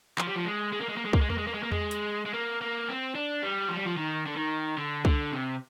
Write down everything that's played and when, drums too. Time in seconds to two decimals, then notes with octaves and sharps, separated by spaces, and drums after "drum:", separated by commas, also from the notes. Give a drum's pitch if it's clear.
0.18 F3, drum: clap
0.27 G3
0.35 F3
0.45 G#3
0.72 G#3
0.81 A#3
0.89 G#3
0.97 A#3
1.05 G#3
1.13 A#3, drum: kick C2
1.21 G#3
1.30 A#3, drum: tom E2
1.38 G#3
1.47 A#3
1.54 G#3
1.63 A#3
1.72 G#3, drum: tom E2
1.91 drum: hi-hat
2.26 G#3
2.34 A#3
2.61 A#3
2.89 C4
3.15 D4
3.43 G3
3.69 F3
3.77 G3
3.85 F3
3.97 D#3
4.26 D3
4.36 D#3
4.77 D3
5.05 D3, drum: kick C2
5.32 C3